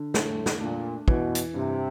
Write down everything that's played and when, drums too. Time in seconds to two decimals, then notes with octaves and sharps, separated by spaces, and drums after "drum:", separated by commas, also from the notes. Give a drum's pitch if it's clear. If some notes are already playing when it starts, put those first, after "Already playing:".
Already playing: D3
0.14 A2 A3, drum: snare
0.46 drum: snare
0.60 A#2 D4
1.08 B2 E3, drum: kick
1.35 drum: hi-hat
1.54 G2 C3